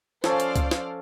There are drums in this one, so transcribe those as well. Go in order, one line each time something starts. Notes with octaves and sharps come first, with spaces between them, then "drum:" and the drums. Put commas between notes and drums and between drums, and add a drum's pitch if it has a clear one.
F3 C#4 A4 C5 D5 F5, drum: snare
drum: hi-hat
drum: kick C#2, hi-hat
drum: snare